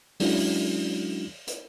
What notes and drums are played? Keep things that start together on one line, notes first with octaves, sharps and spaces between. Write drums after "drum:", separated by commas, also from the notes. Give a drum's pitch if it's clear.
F#3 G#3 C#4 D4 E4 F#4, drum: open hi-hat
drum: hi-hat